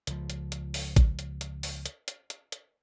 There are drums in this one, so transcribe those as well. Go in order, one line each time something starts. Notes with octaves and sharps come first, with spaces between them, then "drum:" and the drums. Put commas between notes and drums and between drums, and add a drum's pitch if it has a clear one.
C#2 F3, drum: hi-hat
drum: hi-hat
drum: hi-hat
drum: open hi-hat
drum: kick A1, hi-hat
drum: hi-hat
drum: hi-hat
drum: open hi-hat
drum: hi-hat
drum: hi-hat
drum: hi-hat
drum: hi-hat